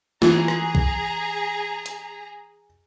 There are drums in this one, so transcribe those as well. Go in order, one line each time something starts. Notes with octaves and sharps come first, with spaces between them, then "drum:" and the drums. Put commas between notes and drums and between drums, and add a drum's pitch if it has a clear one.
E3 G#4 A#5, drum: snare
drum: rim click
drum: kick
drum: hi-hat